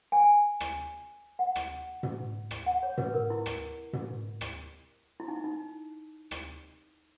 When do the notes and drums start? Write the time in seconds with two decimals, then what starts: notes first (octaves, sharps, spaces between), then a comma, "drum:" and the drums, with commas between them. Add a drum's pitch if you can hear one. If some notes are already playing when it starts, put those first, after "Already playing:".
0.12 G#5
0.60 drum: rim click
1.39 F#5
1.55 drum: rim click
2.03 drum: tom
2.51 drum: rim click
2.66 F#5
2.83 C#5
2.98 B4, drum: tom
3.14 A#4
3.30 E4
3.46 drum: rim click
3.93 drum: tom
4.41 drum: rim click
5.20 E4
5.28 D#4
5.44 D#4
6.31 drum: rim click